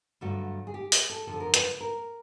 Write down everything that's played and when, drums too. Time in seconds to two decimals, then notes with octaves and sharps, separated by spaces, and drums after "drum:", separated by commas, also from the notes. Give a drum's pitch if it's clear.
0.21 G2 D3 F#3 A3 F#4
0.67 G#4
0.74 G4
0.92 G#4, drum: open hi-hat
1.10 A4
1.27 F#2 D3 F3 A4
1.40 A#4
1.54 B4, drum: hi-hat
1.81 A#4